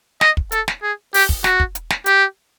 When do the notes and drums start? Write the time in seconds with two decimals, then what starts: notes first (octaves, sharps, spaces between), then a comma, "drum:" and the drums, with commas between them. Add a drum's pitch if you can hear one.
0.21 D#5, drum: snare
0.37 drum: kick
0.52 A4, drum: hi-hat
0.68 drum: snare
0.83 G#4
1.14 G4, drum: open hi-hat
1.29 drum: kick
1.44 F#4, drum: snare
1.60 drum: kick
1.75 drum: hi-hat
1.90 drum: snare
2.06 G4, drum: hi-hat